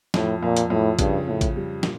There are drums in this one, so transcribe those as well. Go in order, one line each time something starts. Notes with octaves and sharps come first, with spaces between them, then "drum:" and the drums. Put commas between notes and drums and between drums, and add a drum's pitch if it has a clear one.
F2 A2, drum: snare
F2 A#2
drum: hi-hat
F2 A2
G2 C#3, drum: kick A1, hi-hat
A2 C#3
drum: kick A1, hi-hat
G3
A#2, drum: snare